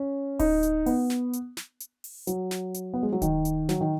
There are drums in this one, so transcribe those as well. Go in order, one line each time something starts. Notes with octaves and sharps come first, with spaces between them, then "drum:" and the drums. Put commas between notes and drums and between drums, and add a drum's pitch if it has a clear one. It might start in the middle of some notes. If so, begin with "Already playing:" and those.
Already playing: C#4
D#4, drum: kick D1, open hi-hat
drum: hi-hat
B3, drum: open hi-hat
drum: snare
drum: hi-hat
drum: snare
drum: hi-hat
drum: open hi-hat
F#3, drum: hi-hat
drum: snare
drum: hi-hat
B3
G#3
F#3
D#3, drum: kick D1, hi-hat
drum: hi-hat
F#3, drum: snare
D#3